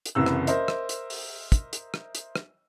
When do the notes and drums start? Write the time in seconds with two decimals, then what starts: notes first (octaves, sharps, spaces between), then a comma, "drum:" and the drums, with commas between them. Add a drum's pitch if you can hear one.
0.06 drum: hi-hat
0.15 F#1 C2 E3 E6
0.26 drum: rim click
0.47 A#4 C5 D#5 E5, drum: hi-hat
0.68 drum: rim click
0.89 drum: hi-hat
1.10 drum: open hi-hat
1.52 drum: kick, hi-hat
1.73 drum: hi-hat
1.94 drum: rim click
2.15 drum: hi-hat
2.36 drum: rim click